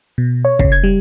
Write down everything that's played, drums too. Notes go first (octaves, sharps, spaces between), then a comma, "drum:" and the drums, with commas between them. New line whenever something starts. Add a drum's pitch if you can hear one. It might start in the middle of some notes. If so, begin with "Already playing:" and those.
B2
C#5
C#3, drum: kick
G#6
G3